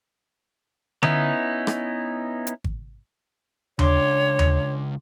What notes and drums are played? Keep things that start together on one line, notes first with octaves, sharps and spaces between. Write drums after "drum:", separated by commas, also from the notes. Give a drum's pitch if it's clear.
B3 C#4 D#4 E4, drum: tom D3
drum: rim click
drum: hi-hat
drum: kick G#1
C#2 D4 C#5 C6 D6, drum: tom D#2
drum: tom D#2